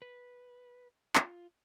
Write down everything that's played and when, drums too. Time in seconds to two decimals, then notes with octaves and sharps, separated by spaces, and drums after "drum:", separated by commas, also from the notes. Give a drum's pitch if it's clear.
0.02 B4
1.15 F4, drum: clap